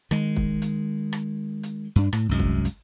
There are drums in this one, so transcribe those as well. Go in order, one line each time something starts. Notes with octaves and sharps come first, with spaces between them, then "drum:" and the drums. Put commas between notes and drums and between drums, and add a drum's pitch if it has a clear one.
D#3 G#3, drum: rim click
drum: kick
drum: hi-hat
drum: rim click
drum: hi-hat
G2 D4
A2, drum: rim click
C2 F#2 G#3
drum: kick
drum: hi-hat